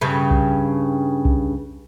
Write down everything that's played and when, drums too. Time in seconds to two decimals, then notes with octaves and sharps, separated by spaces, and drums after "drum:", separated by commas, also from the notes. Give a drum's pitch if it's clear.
0.01 G2 C#3
0.31 drum: kick B1
1.25 drum: kick B1